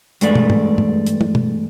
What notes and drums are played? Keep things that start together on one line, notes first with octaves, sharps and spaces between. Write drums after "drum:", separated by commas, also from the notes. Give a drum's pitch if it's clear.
E2 G2 G#3 A3 D5, drum: hi-hat
drum: tom
drum: tom
drum: tom
drum: hi-hat
drum: tom
drum: tom